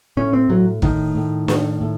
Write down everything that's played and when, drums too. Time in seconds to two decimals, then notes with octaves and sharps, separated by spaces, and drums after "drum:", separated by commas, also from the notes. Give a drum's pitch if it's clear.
0.17 A2 C#4
0.33 C4
0.49 A2 F#3
0.82 A2 D#3, drum: kick
1.15 A2
1.48 A2, drum: snare
1.81 A2